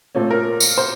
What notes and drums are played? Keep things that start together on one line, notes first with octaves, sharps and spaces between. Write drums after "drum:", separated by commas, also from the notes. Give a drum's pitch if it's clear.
A#2 A3 C4 C#4
A#4
drum: tambourine
C5